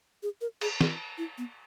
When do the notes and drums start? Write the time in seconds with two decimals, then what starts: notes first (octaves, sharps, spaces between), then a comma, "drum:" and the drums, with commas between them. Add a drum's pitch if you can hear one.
0.23 G#4
0.41 A#4
0.61 G#4, drum: cymbal
0.81 G#4, drum: snare
1.18 E4
1.38 B3